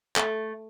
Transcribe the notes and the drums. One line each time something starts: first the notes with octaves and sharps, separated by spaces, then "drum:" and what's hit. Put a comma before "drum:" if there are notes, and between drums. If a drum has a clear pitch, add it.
A3, drum: clap